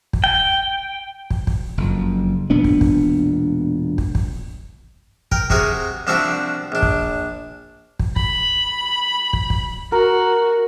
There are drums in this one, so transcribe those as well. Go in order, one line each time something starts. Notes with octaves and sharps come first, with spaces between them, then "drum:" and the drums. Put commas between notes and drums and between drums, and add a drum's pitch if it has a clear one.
drum: kick
G5
drum: kick
drum: kick
F#1 F2
E1 A#2 B3 D4
drum: kick
drum: kick
drum: kick
drum: kick
A#4 G5, drum: kick
C3 F#4 G#4 A#4, drum: kick
C2 F3 C4 D4 F#4 E5
A#1 D4
drum: kick
drum: kick
B5, drum: kick
drum: kick
drum: kick
F#4 A#4